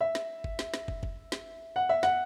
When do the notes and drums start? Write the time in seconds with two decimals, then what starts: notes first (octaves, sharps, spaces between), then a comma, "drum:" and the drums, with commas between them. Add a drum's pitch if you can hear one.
0.01 E5
0.15 drum: snare
0.44 drum: kick
0.59 drum: snare
0.74 drum: snare
0.88 drum: kick
1.03 drum: kick
1.32 drum: snare
1.76 F#5
1.89 E5
2.03 F#5, drum: snare